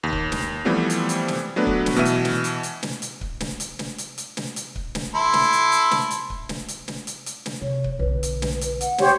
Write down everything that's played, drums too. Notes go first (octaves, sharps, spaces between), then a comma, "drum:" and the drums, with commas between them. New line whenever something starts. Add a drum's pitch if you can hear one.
D#2
drum: kick C#1
drum: snare
E3 F3 G3 A3 B3 C4
drum: hi-hat
drum: hi-hat
drum: snare
F#3 A3 B3 D4 B4
drum: kick C#1
drum: snare
B2 E3 E5 D#7
drum: hi-hat
drum: snare
drum: hi-hat
drum: hi-hat
drum: snare
drum: hi-hat
drum: kick C#1
drum: snare
drum: hi-hat
drum: snare
drum: hi-hat
drum: hi-hat
drum: snare
drum: hi-hat
drum: kick C#1
drum: snare
E4 A4 C6
drum: snare
drum: hi-hat
drum: hi-hat
drum: snare
drum: hi-hat
drum: kick C#1
drum: snare
drum: hi-hat
drum: snare
drum: hi-hat
drum: hi-hat
drum: snare
C3 B3 C#5
drum: kick C#1
B1 D3 B4
drum: hi-hat
drum: snare
drum: hi-hat
F#5, drum: hi-hat
G4 C5 C#5, drum: snare